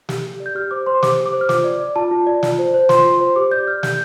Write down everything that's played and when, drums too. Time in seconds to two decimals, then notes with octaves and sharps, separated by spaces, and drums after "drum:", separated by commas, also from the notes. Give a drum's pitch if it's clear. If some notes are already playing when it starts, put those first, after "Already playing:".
0.09 G4, drum: snare
0.24 G4
0.40 D5
0.46 G6
0.55 G4 F6
0.71 C5 D6
0.86 C5 C6
1.03 G4 D6, drum: snare
1.18 G4
1.26 D6
1.33 C5
1.41 F6
1.49 F4 D6, drum: snare
1.64 D5
1.80 D5
1.96 F4 A5
2.11 F4
2.27 D5
2.43 F4, drum: snare
2.59 C5
2.74 C5
2.89 F4 C6, drum: snare
3.05 F4
3.21 C5
3.36 G4 D6
3.51 D5 G6
3.67 D5 F6
3.83 G4 G6, drum: snare